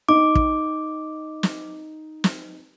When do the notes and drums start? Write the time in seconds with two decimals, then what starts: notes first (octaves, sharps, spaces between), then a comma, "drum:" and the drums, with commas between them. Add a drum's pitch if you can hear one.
0.09 D#4 D6
0.35 drum: kick
1.43 drum: snare
2.24 drum: snare